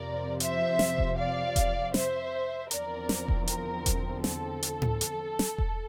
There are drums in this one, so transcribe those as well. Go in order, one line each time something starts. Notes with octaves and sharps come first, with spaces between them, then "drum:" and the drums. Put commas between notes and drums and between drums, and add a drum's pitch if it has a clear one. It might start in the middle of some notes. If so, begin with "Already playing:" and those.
Already playing: F2 C3 F3 A#4 D5
C5 E5, drum: hi-hat
drum: snare
drum: kick E1
D5 F5
drum: kick E1, hi-hat
C5 E5, drum: snare
E2 D3 F3 C4 A#4 D5, drum: hi-hat
drum: snare
drum: kick E1
A#4, drum: hi-hat
drum: kick E1, hi-hat
A4, drum: snare
drum: hi-hat
drum: tom A2
drum: hi-hat
drum: snare
drum: kick E1